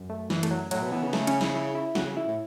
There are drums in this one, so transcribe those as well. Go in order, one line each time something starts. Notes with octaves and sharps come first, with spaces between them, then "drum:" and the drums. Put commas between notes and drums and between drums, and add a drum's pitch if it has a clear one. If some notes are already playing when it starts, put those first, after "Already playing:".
Already playing: F#2
A3
E3, drum: snare
A3, drum: cymbal
F#3
A2 F#3, drum: cymbal
B2
E3 B3
C#3
A3, drum: snare
C#4, drum: cymbal
E4, drum: snare
E4
E4
C#3 F#4, drum: snare
C#3
E4
A2